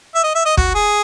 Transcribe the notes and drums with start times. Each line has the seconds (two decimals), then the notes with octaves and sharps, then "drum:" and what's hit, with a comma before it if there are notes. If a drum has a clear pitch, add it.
0.15 E5
0.23 D#5
0.35 E5
0.45 D#5
0.57 F#4, drum: kick
0.75 G#4